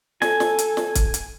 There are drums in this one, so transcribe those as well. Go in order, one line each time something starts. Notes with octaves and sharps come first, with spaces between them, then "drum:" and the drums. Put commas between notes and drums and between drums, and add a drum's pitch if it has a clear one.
A4 G#5, drum: snare
drum: snare
drum: hi-hat
drum: snare
drum: kick, hi-hat
drum: hi-hat